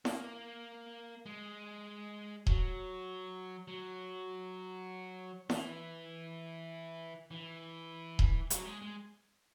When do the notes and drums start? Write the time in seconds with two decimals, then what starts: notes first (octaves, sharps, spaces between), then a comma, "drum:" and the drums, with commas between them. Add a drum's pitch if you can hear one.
0.05 A#3, drum: snare E4
1.26 G#3
2.47 F#3, drum: kick D#1
3.68 F#3
5.50 E3, drum: snare E4
7.31 E3
8.19 drum: kick D#1
8.50 F#3, drum: hi-hat
8.66 G#3
8.82 G#3